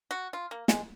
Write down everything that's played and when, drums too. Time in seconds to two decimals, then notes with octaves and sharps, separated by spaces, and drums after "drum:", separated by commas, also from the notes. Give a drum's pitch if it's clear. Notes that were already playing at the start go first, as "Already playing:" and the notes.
0.11 F#4
0.33 F4
0.51 A#3
0.68 G#3, drum: snare